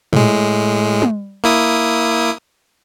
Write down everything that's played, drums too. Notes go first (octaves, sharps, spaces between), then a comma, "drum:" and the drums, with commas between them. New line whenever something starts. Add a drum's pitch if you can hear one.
A2 G#3, drum: tom
drum: tom
A#3 E4 D#6